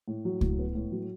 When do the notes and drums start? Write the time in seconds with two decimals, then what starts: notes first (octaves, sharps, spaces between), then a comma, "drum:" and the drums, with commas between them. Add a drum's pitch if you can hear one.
0.08 A2
0.25 F#3
0.41 A2, drum: kick C#2
0.59 B3
0.75 A2
0.92 F#3